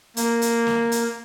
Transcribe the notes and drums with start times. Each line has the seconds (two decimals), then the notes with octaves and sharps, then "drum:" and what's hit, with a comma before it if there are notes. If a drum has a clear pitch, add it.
0.17 A#3, drum: hi-hat
0.42 drum: hi-hat
0.67 drum: snare
0.92 drum: hi-hat